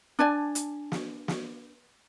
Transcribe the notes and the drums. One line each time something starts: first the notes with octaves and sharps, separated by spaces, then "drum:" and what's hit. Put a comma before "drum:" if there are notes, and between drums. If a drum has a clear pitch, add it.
D4 D5 G#5 A5
drum: hi-hat
drum: snare
drum: snare